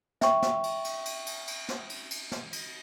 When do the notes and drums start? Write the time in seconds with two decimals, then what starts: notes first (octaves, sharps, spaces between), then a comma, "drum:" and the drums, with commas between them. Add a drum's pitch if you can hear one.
0.21 E5 G5 C#6, drum: snare
0.42 drum: snare
0.63 drum: cymbal
0.84 drum: cymbal
1.05 drum: cymbal
1.26 drum: cymbal
1.47 drum: cymbal
1.68 drum: snare
1.90 drum: cymbal
2.11 drum: cymbal
2.32 drum: snare
2.53 drum: cymbal